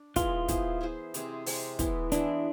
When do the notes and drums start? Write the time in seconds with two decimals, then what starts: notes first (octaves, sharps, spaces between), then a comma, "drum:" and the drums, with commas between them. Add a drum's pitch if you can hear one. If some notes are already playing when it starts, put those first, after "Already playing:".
Already playing: D4
0.16 E3 G#3 B3 F4, drum: kick, hi-hat
0.48 B3 E4 G#4 C5, drum: kick, hi-hat
0.81 B3 E4 G#4 C5
1.14 C3 G#3 C4 G#4, drum: hi-hat
1.46 C3 G#3 C4 G#4, drum: open hi-hat
1.79 E3 G#3 B3 E4, drum: kick, hi-hat
2.12 E3 G#3 B3 D4 E4, drum: hi-hat